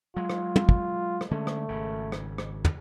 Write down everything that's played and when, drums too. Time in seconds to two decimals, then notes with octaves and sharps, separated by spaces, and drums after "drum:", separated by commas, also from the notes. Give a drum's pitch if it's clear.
0.17 F#3 G#3 F4
0.30 drum: rim click
0.56 drum: tom
0.69 drum: kick
1.21 drum: rim click
1.31 D3 G#3 A3 C#4
1.47 drum: rim click
1.69 G#1 C#3
2.12 drum: rim click
2.38 drum: rim click
2.65 drum: tom